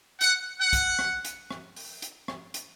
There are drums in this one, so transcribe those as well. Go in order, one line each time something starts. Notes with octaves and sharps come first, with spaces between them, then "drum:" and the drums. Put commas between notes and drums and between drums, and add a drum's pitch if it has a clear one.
F#5, drum: hi-hat
F#5
drum: kick, hi-hat
drum: rim click
drum: hi-hat
drum: rim click
drum: open hi-hat
drum: hi-hat
drum: rim click
drum: hi-hat